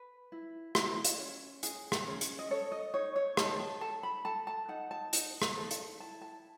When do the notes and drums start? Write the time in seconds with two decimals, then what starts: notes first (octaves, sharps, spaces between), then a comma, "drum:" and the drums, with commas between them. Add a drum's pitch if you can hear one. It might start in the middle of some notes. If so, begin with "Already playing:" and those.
Already playing: B4
0.32 E4
0.75 E4, drum: rim click
1.04 drum: hi-hat
1.19 C#4
1.63 G#4, drum: hi-hat
1.92 drum: rim click
2.07 C#4
2.21 drum: hi-hat
2.39 D#5
2.51 A4 C#5
2.72 D#5
2.94 D#4 C#5
3.16 C#5
3.37 D#4 A5, drum: rim click
3.60 A5
3.81 A4 A5
4.03 B5
4.25 A4 A5
4.47 A5
4.68 D#4 F#5
4.91 A5
5.13 D#4, drum: hi-hat
5.42 drum: rim click
5.56 A4
5.71 drum: hi-hat
6.00 E4 A5
6.22 A5